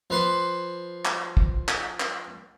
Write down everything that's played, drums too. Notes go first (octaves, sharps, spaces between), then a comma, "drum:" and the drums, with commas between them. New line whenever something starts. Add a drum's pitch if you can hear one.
F3 B4 C6
drum: clap
drum: kick
drum: clap
drum: clap